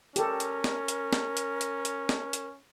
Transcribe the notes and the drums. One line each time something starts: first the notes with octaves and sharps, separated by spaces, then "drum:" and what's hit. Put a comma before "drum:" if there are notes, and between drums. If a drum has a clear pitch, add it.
C#4 G4 A4 A#4, drum: hi-hat
drum: hi-hat
drum: snare
drum: hi-hat
drum: snare
drum: hi-hat
drum: hi-hat
drum: hi-hat
drum: snare
drum: hi-hat